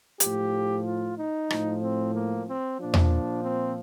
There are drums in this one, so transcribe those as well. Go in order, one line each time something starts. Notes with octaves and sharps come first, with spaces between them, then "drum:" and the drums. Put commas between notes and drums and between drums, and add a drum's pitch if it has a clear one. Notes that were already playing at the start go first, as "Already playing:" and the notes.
A2 F3 G4, drum: hi-hat
F4
D#4
A2 F3, drum: rim click
C4
A#3
C4
A#2 F3 D4
drum: tom E2
C4